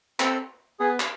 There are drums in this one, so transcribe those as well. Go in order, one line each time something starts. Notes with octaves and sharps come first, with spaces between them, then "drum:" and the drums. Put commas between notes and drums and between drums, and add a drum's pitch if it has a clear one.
C4 A4, drum: clap
B3 G#4
drum: clap